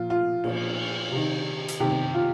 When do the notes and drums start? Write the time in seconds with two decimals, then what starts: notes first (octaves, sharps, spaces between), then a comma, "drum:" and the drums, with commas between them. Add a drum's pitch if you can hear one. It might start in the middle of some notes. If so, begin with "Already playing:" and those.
Already playing: A#2 F3 F4
0.10 F4
0.44 A#2 F3, drum: cymbal
1.11 C3 D#3
1.68 drum: hi-hat
1.80 C3 D#3 G4
1.90 drum: tom
2.14 F4